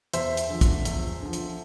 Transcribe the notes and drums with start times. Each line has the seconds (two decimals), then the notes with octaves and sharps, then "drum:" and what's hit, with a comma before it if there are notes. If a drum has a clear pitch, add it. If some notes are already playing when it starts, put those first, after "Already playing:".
0.14 E2 C5 E5, drum: hi-hat
0.37 drum: hi-hat
0.49 D3 F3
0.61 drum: kick, hi-hat
0.85 E2, drum: hi-hat
1.21 D3 F3
1.33 drum: hi-hat